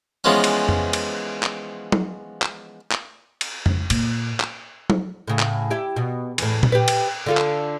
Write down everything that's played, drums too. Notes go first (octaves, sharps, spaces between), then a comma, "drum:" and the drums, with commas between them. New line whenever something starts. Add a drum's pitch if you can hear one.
E3 F3 G#3 B3 C#4
drum: cymbal
drum: tom F2
drum: cymbal
drum: clap
drum: tom
drum: clap
drum: clap
drum: cymbal
drum: tom F2
A#2, drum: cymbal
drum: clap
drum: tom
A2 C#3
drum: clap
E4 G4
B2
E2 A2, drum: cymbal
drum: tom A#2
G4 B4
drum: cymbal
D3 F4 A4
drum: clap